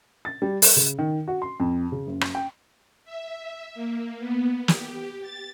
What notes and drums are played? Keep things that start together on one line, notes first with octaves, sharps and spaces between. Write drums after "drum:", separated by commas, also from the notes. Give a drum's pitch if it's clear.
A6
G3
A4, drum: open hi-hat
C#3
D#3
F#4
C6
F2
C#3
F#1
drum: rim click
G5
E5
A#3
B3
G4, drum: snare
A6